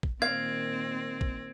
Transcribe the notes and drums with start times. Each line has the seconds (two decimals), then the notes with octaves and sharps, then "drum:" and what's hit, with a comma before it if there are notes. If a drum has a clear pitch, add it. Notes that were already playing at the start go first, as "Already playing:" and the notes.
0.03 drum: kick
0.22 A#2 D#3 C4 F5 G#6
1.21 drum: kick